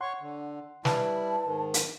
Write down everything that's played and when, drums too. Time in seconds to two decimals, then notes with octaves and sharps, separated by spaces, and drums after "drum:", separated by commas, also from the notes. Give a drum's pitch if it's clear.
0.01 C#5 F#5 C6 C#6
0.20 D3
0.85 G3 E4 B4 A5, drum: snare
1.46 G#2 D#3
1.74 drum: hi-hat